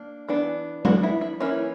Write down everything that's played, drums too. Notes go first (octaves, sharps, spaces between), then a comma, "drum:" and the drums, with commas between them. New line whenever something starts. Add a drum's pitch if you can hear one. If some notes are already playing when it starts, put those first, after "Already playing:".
Already playing: A#3 D4
E3 B3 D4
E3 B3 D4 F#4, drum: tom F#3
E4
E4
E3 A#3 C#4 E4